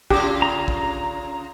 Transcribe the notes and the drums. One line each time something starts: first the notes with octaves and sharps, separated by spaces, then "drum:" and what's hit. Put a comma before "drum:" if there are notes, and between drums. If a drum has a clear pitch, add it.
C#3 F4 G4, drum: kick
A#5
drum: kick